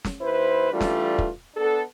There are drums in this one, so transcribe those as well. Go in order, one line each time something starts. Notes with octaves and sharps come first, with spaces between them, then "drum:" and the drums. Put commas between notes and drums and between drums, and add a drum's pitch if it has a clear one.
drum: snare
D#2 E4 B4 C5
E3 G3 A3 D4 F4
drum: snare
drum: kick
B3 D4 A4